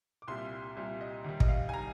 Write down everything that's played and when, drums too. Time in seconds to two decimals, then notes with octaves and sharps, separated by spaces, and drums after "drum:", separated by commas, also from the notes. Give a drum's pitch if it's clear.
0.22 D6
0.28 C2 A#2 G3 C6
0.77 C2 A#2 G3
1.01 D#5
1.24 D#2 D#3 G3
1.40 D#5, drum: kick
1.48 F5
1.69 G#5
1.74 D#3 G3 A#5